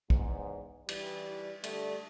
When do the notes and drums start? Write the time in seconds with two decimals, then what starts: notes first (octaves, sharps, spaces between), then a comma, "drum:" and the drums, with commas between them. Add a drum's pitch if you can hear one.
0.10 E2 G#2, drum: kick
0.89 E3 G3, drum: cymbal
1.63 D3 G3 A3, drum: cymbal